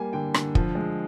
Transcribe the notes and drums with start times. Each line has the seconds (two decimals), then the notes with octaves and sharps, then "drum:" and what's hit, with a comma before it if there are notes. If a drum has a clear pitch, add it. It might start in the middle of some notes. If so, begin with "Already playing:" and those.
Already playing: G3 A#3 G#5
0.13 D3 G5
0.34 D3, drum: rim click
0.55 F3, drum: kick
0.75 G#3